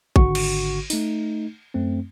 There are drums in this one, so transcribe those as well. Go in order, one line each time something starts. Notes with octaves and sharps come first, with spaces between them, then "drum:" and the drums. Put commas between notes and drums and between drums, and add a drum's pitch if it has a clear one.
G#1 D3 F#4 C#6, drum: kick
drum: cymbal
A3 D#4, drum: open hi-hat
F#2 A3 C4